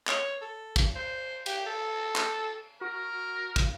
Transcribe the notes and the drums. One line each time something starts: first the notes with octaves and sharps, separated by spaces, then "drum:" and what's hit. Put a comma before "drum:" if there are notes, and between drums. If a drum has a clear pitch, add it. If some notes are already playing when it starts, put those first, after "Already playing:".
C#5, drum: clap
A4
drum: kick, cymbal
C5
G4, drum: cymbal
A4
drum: clap
F#4 A#4
drum: kick, cymbal